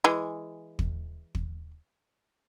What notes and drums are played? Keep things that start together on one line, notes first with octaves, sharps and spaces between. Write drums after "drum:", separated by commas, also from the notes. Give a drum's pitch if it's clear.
E3 G#3
drum: kick
drum: kick